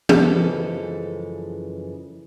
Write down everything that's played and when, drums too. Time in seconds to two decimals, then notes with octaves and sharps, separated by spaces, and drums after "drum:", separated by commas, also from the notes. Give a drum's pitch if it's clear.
0.09 F#2 C#3 E3 F3 G#3 A4, drum: tom